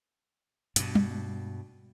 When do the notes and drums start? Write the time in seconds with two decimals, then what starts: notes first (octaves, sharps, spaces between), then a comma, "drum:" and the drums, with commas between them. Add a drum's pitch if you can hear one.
0.76 G2 B2, drum: hi-hat
0.95 drum: tom